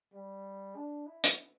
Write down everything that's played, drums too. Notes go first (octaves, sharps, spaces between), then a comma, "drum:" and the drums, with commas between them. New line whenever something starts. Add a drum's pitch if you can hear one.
G3
D4
E4
drum: hi-hat